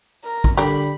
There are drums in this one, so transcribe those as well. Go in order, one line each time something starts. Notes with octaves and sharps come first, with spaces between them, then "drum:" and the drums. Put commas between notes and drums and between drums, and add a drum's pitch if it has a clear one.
A#4
drum: kick
D3 G3 G4 A#4 B5